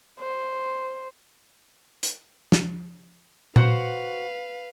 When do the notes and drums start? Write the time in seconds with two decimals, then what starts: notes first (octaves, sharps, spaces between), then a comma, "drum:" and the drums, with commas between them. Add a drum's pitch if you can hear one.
0.20 C5
2.03 drum: hi-hat
2.52 drum: snare
3.56 F#4 B4 C5 F5 F#5, drum: tom A#2